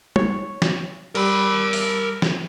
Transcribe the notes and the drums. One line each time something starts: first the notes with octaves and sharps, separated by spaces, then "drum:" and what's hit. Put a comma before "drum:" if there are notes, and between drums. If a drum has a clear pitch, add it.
C#5, drum: tom
drum: snare
G3 A#4 B5 D6 E6, drum: cymbal
drum: open hi-hat
drum: snare